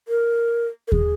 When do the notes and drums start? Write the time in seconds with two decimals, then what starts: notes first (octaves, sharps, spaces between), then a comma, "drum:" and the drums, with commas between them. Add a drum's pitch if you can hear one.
0.08 A#4
0.88 A#4
0.92 G#4, drum: kick D#2